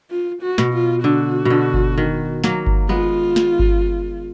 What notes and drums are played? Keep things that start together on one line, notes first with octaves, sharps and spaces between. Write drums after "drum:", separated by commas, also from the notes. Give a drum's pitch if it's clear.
F4
F#4
B2, drum: snare
F4
D3 F#4
B2 D3
drum: kick G1
D#3
F#3 A#3, drum: snare
drum: kick G1
G#3 B3 F4
drum: snare
drum: kick G1